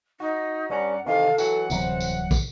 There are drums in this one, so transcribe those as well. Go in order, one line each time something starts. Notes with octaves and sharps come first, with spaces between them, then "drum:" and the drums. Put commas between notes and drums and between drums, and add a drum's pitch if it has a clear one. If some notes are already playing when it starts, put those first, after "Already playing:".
D#4 F#4
G2 C#4 D5 F#5 A#5
C3 D#3 E3 A4 F5
E3 F#3 F#5, drum: tambourine
D1 C2 E3 F#3 C4, drum: tambourine
drum: tambourine
drum: kick, tambourine